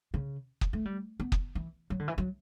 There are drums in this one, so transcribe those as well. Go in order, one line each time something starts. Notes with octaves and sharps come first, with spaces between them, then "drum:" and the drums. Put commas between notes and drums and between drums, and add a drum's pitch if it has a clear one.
C#3
drum: kick
A3
G3
B3
drum: kick
E3
F#3
D3
E3
F#3